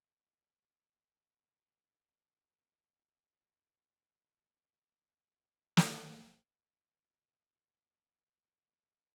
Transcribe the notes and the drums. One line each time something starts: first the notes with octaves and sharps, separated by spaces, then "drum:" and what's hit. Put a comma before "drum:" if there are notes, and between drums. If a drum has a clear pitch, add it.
C#4
E2
D#3 A#4 B4 A#5 D6
F3 D5 A5
G#2 C#3
G5
drum: snare
A3 E4 F#5
F4
G5